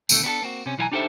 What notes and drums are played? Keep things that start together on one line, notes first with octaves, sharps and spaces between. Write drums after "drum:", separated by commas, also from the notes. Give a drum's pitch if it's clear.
D#2 B2 D3 A3, drum: tambourine
B3 D4 F#4 A4
A#3 C4 F#4
C3 C#4
B1 E3 D#4 E4 G#5 A#5
D4 D#4 G4 A4 C5 E5